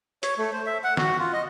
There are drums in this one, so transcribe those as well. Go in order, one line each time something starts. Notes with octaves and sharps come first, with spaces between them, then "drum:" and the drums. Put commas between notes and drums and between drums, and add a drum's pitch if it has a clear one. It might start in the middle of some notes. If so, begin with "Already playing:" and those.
C#5, drum: hi-hat
A3
C5
E5
F#5
F#4, drum: snare
F4
D#5